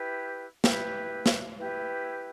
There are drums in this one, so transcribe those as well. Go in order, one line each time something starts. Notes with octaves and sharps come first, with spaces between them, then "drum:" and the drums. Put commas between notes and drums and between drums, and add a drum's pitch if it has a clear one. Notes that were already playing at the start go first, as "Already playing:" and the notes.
Already playing: E4 G4 B4
E4 G4 B4, drum: snare
drum: snare
E4 G4 B4